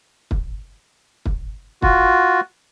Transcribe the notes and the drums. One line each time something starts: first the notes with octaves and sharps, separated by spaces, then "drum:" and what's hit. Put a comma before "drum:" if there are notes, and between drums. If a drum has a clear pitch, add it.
drum: kick
drum: kick
F4 F#4, drum: kick